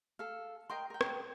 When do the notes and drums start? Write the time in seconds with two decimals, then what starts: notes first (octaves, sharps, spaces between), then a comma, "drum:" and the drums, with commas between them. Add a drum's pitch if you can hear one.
0.19 A4 F5
0.70 A#4 D#5 G5 C6
0.90 A#4 G5
1.01 drum: rim click